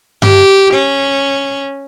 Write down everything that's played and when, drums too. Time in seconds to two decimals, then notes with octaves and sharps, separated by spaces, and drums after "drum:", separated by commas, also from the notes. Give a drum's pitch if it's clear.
0.22 G4, drum: tom G2
0.74 C#4